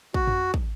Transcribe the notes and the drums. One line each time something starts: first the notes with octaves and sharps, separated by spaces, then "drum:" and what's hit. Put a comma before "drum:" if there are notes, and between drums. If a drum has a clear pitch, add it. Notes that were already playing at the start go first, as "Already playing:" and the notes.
F#4, drum: kick
drum: tom F2
drum: kick